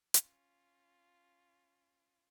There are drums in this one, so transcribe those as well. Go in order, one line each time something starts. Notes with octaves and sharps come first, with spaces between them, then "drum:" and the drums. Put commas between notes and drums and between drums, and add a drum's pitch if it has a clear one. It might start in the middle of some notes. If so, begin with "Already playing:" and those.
C#4 F4, drum: hi-hat